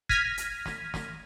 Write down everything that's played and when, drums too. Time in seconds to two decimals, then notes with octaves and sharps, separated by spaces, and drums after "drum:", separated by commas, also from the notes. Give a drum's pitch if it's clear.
0.09 F6 G#6 A#6 B6 D#7, drum: kick F#1
0.38 drum: hi-hat
0.66 drum: snare
0.94 drum: snare